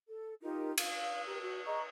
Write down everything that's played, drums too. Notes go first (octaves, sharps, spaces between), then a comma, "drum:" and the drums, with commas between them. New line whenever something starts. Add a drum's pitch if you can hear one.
A4
D#4 F4 G4 A#4
F5, drum: cymbal
G4 A#4
F#4
G#4 D#5 A#5 C#6